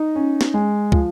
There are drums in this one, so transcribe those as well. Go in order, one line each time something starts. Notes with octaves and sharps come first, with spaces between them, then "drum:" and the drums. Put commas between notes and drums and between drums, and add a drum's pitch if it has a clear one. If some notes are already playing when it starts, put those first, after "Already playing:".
Already playing: D#4
C#4
drum: snare
G#3
F3, drum: kick